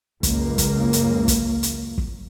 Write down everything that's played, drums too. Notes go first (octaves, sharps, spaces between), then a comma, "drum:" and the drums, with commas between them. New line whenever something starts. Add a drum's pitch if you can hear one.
C#2 F#2 A#3, drum: kick, hi-hat
drum: kick, hi-hat
drum: hi-hat
drum: kick, hi-hat
drum: hi-hat
drum: kick